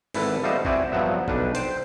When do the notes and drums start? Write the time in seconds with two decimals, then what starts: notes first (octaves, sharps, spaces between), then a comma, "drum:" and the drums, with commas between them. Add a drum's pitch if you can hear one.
0.14 G#1 E3 E4 A4 B4, drum: open hi-hat
0.43 G3 A3 B3 F4 C5 D#5
0.65 C4 E4 F#4 D5 E5 G#5, drum: kick
0.92 G2 F3 F#3 B3 E5
1.28 B1 D4 B4, drum: kick
1.55 C5 G5, drum: hi-hat